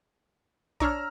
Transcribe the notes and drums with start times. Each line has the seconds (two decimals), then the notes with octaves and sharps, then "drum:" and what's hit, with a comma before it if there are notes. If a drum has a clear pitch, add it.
0.80 D4 C#5 A#5 E6 F6, drum: kick B1